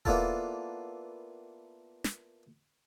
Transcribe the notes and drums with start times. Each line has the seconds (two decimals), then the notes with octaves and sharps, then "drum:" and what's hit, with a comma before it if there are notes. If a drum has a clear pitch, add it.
0.05 A#3 B3 D4 E4 F4 A4, drum: kick D#1
2.04 drum: snare